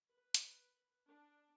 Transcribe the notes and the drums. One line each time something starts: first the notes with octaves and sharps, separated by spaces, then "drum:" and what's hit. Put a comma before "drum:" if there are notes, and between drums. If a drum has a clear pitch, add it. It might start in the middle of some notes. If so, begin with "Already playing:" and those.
B4
drum: hi-hat
D4